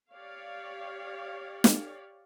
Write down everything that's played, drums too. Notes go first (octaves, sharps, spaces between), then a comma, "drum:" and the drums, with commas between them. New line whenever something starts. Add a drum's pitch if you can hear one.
G4 C#5 D5 F5
drum: snare